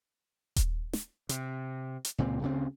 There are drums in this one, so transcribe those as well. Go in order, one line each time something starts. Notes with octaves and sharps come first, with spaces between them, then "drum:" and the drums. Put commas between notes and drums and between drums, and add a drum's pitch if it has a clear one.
drum: kick D#1, hi-hat
drum: snare
C3, drum: hi-hat
drum: hi-hat
C#2 A#2 C4
D2 C#3 C4